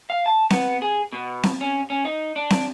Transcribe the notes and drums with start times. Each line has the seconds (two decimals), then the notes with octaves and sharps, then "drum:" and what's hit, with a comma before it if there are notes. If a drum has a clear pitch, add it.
0.10 F5
0.26 A5
0.50 B3, drum: snare C4
0.82 G#4
1.13 B2
1.43 drum: snare C4
1.61 C#4
1.90 C#4
2.05 D#4
2.36 D4
2.50 drum: snare C4